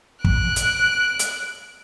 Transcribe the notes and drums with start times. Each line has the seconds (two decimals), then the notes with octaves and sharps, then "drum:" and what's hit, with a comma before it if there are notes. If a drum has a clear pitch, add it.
0.24 F#6 D7, drum: kick
0.56 drum: hi-hat
1.19 drum: hi-hat